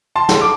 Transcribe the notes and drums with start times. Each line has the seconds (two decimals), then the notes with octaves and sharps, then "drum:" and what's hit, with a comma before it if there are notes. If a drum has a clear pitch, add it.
0.16 A5 C6
0.29 drum: snare
0.41 D6